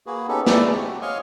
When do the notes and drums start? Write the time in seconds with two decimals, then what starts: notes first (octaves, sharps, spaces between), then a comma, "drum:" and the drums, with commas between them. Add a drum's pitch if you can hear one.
0.06 A#3 F#4 G#4 B4
0.28 B3 C#4 D#4 G4 A4 B4
0.46 G#3 A3 B4 D5 E5, drum: snare
0.75 C4 F#4 G4
1.02 C#5 D#5 F5 G#5 C6 C#6